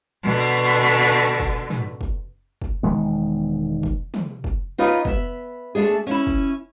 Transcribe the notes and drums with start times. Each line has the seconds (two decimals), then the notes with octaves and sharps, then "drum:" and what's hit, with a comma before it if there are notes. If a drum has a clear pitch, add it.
0.23 B2 D3
1.40 drum: kick
1.70 drum: tom
2.01 drum: kick
2.62 drum: kick
2.83 E1 D#3 G#3 B3
3.83 drum: kick
4.14 drum: tom
4.44 drum: kick
4.78 D#4 F4 B4 C#5 D#5
5.05 B3 E5, drum: kick
5.75 A3 D4 G#4
6.07 C#4 E4
6.27 drum: kick